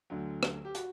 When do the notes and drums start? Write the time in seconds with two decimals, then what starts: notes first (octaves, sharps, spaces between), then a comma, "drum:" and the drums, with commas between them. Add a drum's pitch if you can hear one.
0.10 D2 D3 F#3
0.43 drum: rim click
0.65 G4
0.75 F#4, drum: hi-hat